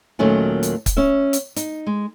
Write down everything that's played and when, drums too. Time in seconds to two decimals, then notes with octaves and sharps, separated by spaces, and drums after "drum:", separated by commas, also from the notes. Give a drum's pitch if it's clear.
0.19 D#2 A#2 D#3 F#3 A3 C#4
0.63 drum: hi-hat
0.86 drum: kick, hi-hat
0.97 C#4 E5
1.33 drum: hi-hat
1.56 D#4, drum: hi-hat
1.87 G#3